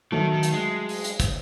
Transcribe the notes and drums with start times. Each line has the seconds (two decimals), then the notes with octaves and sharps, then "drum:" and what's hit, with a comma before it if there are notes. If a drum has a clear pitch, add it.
0.12 D#3 F#3 A3
0.33 D#3
0.43 drum: hi-hat
0.53 G#3
0.89 drum: open hi-hat
1.04 drum: hi-hat
1.20 drum: kick, hi-hat